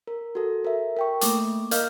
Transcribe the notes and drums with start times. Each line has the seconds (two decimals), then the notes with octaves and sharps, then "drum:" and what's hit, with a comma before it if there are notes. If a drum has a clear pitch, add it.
0.07 A#4
0.35 F#4 A4
0.65 A#4 E5
0.97 A#4 G5 C#6
1.21 A3 A#3 D6, drum: hi-hat
1.71 A#4 D#5 F5 F6 G6, drum: hi-hat